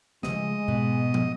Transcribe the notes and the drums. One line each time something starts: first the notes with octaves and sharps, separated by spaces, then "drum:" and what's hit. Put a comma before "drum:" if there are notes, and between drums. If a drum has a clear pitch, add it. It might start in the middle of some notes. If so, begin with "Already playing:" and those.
C#3 F3 G#3 A3 D#5, drum: snare
G#2 B2
drum: tom